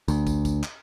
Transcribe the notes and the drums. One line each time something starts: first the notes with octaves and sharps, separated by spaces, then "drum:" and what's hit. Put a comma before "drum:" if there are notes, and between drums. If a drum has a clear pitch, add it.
D2, drum: tambourine
drum: kick, tambourine
drum: kick, tambourine
drum: clap